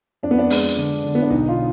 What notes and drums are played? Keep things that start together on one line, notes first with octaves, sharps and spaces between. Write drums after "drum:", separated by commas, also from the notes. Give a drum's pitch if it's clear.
F2 D4
B3
D4
G#3, drum: open hi-hat
D3
D3
B3
D4
B1 D#4
F4